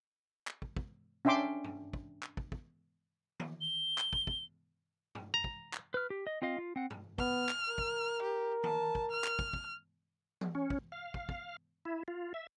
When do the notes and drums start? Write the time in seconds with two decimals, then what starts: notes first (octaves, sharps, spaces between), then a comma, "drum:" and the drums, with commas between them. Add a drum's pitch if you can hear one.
0.47 drum: clap
0.62 drum: kick
0.77 drum: kick
1.25 C#4 D4 E5 G5 C6 D6
1.64 drum: tom
1.93 drum: kick
2.23 drum: clap
2.37 drum: kick
2.52 drum: kick
3.40 drum: tom D#3
3.61 G7
3.98 drum: clap
4.13 drum: kick
4.27 drum: kick
5.15 drum: tom
5.34 A#5
5.44 drum: kick
5.73 drum: clap
5.94 B4 F6
6.10 G4
6.27 D#5
6.42 C4 F4 D#5 F5
6.58 F4
6.76 C4 F#5
6.90 drum: tom
7.18 B3 F6, drum: kick
7.49 drum: clap
7.68 A#4
7.78 drum: kick
8.23 G4
8.64 A5, drum: tom D#3
8.95 drum: kick
9.11 F6
9.24 drum: clap
9.39 drum: kick
9.53 drum: kick
10.41 drum: tom E3
10.55 C#4
10.70 drum: kick
10.92 F5
11.14 drum: kick
11.29 drum: kick
11.85 E4
12.08 F4
12.34 E5